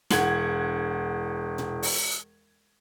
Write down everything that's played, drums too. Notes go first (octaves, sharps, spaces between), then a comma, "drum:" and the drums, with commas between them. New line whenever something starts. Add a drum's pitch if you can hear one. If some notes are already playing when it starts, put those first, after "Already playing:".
E1 F#5 G#6 F#7, drum: snare
drum: tom A#2
drum: open hi-hat